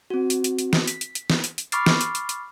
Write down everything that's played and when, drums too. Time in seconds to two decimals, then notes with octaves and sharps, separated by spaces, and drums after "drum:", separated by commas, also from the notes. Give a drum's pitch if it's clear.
0.10 C4 F#4
0.30 drum: hi-hat
0.44 drum: hi-hat
0.59 drum: hi-hat
0.73 drum: snare
0.88 B6, drum: hi-hat
1.01 drum: hi-hat
1.15 drum: hi-hat
1.30 drum: snare
1.44 drum: hi-hat
1.58 drum: hi-hat
1.72 B5 C#6 D6 F6 A6 C7, drum: hi-hat
1.86 drum: snare
2.01 drum: hi-hat
2.15 drum: hi-hat
2.29 drum: hi-hat